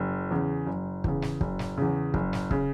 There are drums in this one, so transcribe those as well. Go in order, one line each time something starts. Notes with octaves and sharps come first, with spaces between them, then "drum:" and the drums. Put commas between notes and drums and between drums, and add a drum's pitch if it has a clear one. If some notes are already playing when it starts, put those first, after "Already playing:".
Already playing: F#1
E2 C#3
F#1
E2 C#3, drum: kick
drum: snare
F#1, drum: kick
drum: snare
E2 C#3
F#1, drum: kick
drum: snare
C#3, drum: kick